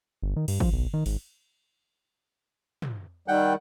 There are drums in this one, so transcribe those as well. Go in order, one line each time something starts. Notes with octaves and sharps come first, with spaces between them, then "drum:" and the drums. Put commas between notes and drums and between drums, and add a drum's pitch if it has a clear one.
G1
D#3
G2, drum: cymbal
F3, drum: kick G1
B1
D#3
G#1, drum: open hi-hat
drum: tom
D#3 G3 F#5 G5